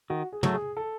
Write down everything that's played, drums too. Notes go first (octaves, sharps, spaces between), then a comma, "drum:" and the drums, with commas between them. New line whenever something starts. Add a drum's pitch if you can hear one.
D#3 F#4
G#4
F#3 A3, drum: tom
G#4
A4